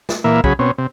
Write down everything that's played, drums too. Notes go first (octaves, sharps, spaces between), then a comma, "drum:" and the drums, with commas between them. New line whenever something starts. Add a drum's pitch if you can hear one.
drum: snare
A#2 E3 A#3 E5
C#3 F#3 G#4 B5, drum: kick
B2 C4 C#4
C3